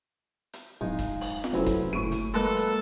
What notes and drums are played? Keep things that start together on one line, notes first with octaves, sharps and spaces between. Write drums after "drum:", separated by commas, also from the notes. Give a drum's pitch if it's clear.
drum: hi-hat
D1 G#3 D#4 F4
drum: kick D#1, hi-hat
drum: open hi-hat
drum: snare F4
F1 F#3 C4 C#4 E4 A4 B4
drum: kick D#1, hi-hat
F#1 A2 C#6 D#7
drum: hi-hat
F#3 G#3 A#3 A4 B4 F#6, drum: hi-hat
drum: hi-hat